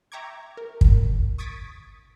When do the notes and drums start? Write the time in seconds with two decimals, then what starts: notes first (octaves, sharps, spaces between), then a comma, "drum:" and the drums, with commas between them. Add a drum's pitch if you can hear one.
0.12 E5 G5 A#5 C#6 D6 G#6
0.57 A#4
0.81 drum: kick
1.38 C#6 D#6 G#6 A6 B6 D7